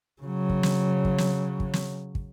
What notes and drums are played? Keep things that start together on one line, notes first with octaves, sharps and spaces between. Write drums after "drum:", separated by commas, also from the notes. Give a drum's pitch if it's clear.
C#3 F#3
drum: kick
drum: snare
drum: kick
drum: snare
drum: kick
drum: snare
drum: kick